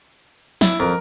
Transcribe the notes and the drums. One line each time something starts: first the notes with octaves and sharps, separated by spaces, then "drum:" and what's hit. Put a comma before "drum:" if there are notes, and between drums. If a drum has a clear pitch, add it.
E4, drum: snare
F2 A#4